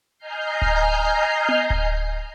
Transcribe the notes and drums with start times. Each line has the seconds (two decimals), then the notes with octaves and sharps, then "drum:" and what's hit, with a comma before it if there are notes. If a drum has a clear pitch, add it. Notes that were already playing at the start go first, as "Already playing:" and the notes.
0.18 D#5 G#5 A#5 F6 G6 C7
0.62 drum: kick D1
1.49 drum: tom B3
1.70 drum: kick D1